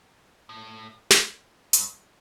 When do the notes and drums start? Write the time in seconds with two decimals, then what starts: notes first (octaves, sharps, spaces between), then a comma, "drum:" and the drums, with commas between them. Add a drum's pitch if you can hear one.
0.49 A2
1.11 drum: snare
1.73 G2, drum: hi-hat